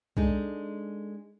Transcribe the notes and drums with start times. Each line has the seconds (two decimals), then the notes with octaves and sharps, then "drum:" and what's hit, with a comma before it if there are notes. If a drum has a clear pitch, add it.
0.17 G#3 D4 D#4 A4, drum: kick C2